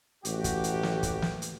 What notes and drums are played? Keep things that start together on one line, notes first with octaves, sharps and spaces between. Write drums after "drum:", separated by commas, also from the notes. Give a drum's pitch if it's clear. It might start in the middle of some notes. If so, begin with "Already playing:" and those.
A1 F#4 G4, drum: hi-hat
drum: kick, hi-hat
drum: hi-hat
drum: snare
drum: kick, hi-hat
drum: snare
drum: hi-hat